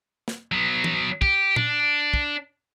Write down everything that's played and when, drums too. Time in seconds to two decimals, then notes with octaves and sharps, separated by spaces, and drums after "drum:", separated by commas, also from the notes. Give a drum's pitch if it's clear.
0.28 drum: snare
0.52 F#3 B3
0.84 drum: tom
1.22 G4, drum: kick
1.56 D4, drum: tom A#2
2.14 drum: kick